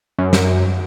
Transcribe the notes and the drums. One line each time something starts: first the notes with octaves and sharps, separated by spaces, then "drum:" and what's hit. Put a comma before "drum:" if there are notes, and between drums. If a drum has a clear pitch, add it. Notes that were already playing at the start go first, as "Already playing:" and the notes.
F#2
drum: snare